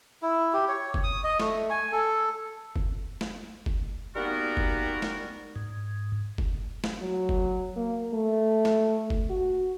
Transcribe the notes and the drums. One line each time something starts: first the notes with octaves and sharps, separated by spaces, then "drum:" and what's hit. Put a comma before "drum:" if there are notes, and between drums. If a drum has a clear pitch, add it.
E4
G4
C#5
drum: kick F#1
D#6
D#5
A3, drum: snare
G#5
A4
drum: kick F#1
drum: snare
drum: kick F#1
G3 A#3 B3 D#4 F#4 A#4
drum: kick F#1
drum: snare
G#2
drum: kick F#1
drum: snare
F#3
drum: kick F#1
A#3
A3
drum: snare
drum: kick F#1
F#4